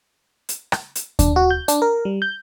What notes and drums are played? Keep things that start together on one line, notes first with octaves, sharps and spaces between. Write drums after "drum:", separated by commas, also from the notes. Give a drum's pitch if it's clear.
drum: hi-hat
drum: rim click
drum: hi-hat
D4, drum: kick D#2, hi-hat
F#4
G6
D4, drum: hi-hat
A#4
G3
G6